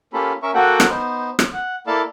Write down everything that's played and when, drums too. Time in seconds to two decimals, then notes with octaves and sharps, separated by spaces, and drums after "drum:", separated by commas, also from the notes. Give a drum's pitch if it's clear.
0.13 A#3 C#4 F4 G4 A4 B5
0.43 C#4 A#4 E5 C#6
0.54 A#3 F#4 A4 F#5 G5
0.80 drum: rim click
0.89 B3 D#4 C5
1.39 drum: rim click
1.53 F#5
1.87 A#3 E4 A4 D5 F5 A5